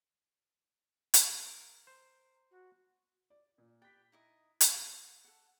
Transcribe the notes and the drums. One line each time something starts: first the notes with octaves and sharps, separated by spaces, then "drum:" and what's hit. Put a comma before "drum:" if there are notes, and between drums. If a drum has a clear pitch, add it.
drum: hi-hat
A#4
C5
F#4
D5
A#2
G4 B4 G5 A6 B6
D#4 E4 D#5
F5 F#5, drum: hi-hat
A4 F#5